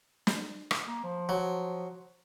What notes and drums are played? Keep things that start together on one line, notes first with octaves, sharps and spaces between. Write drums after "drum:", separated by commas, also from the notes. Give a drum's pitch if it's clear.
drum: snare
drum: rim click
A#3
F3
F#3